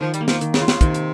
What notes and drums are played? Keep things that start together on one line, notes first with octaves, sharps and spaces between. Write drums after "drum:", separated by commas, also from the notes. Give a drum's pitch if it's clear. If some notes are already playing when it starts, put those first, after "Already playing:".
D#3 F3
G3, drum: hi-hat
A#3
F3, drum: snare
D#3, drum: hi-hat
C#3, drum: snare
F4
C#3, drum: snare
C3 D#3, drum: kick, hi-hat
drum: hi-hat